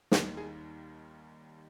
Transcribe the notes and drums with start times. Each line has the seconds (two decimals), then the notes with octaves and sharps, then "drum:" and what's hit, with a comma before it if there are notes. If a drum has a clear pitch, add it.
0.12 D#2 D#3 G3 G4, drum: snare
0.37 G#4